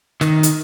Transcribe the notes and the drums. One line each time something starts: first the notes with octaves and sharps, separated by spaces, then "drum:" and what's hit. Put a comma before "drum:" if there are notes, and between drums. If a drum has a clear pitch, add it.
D#3, drum: snare
drum: hi-hat